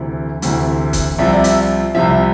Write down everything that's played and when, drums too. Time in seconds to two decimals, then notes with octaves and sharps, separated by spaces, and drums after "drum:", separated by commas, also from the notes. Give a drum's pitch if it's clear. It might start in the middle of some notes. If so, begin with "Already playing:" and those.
Already playing: D2 C3 E3
0.42 D2 C3 E3, drum: hi-hat
0.93 drum: kick, hi-hat
1.19 C2 C3 F3 E5
1.33 D5
1.44 E5, drum: hi-hat
1.95 C2 C3 F3 E5